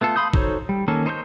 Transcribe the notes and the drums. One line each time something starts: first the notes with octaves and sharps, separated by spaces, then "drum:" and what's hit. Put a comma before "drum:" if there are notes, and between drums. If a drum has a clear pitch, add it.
A3 B3 F4 A4
F5 B5 C6 D#6 G6
D#4 F#4 A4 C5 C#5, drum: kick
G3
D#3 A#3 C#4 A4
D#4 C5 C#5 E5 G6